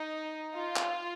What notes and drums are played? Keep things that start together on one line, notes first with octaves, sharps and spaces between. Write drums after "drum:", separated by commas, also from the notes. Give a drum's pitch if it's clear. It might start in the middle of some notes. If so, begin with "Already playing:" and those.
Already playing: D#4
F4
drum: clap